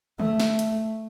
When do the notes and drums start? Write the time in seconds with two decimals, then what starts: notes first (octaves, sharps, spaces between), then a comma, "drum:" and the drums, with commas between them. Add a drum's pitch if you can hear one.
0.20 A3, drum: tom D3
0.40 drum: snare
0.59 drum: hi-hat